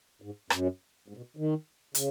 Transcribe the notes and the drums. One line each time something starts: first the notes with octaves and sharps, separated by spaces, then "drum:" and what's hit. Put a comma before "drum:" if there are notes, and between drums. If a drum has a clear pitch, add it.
G#2
F#2, drum: rim click
G#2
B2
D#3
C#3, drum: hi-hat